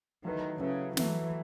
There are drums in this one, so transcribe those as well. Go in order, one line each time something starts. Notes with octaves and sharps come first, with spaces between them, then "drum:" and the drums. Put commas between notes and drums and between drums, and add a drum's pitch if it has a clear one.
D#3 F#3 A3 E4 B4
C#3 F#3 A3 E4 B4
E3 F#3 A3 E4 B4, drum: snare